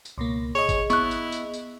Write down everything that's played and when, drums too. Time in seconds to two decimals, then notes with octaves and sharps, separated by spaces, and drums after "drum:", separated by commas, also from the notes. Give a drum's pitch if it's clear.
0.05 drum: tambourine
0.18 C#2 B2 A#3
0.55 G#4 C#5 D#5
0.69 drum: kick G#1, tambourine
0.90 B3 E4 C#6 F#6, drum: tambourine
1.11 drum: tambourine
1.32 drum: tambourine
1.53 drum: tambourine